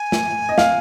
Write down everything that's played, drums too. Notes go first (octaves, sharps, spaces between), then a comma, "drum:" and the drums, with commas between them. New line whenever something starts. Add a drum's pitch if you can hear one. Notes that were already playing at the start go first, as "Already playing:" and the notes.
Already playing: G#5
drum: snare
D#5
F5, drum: snare